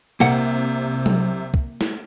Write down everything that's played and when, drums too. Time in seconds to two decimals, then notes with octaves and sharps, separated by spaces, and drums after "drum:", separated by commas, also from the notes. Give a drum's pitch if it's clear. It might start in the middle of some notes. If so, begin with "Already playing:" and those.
0.20 C2 C3 A#3 F#5
1.06 drum: tom F#3
1.54 drum: kick
1.81 drum: snare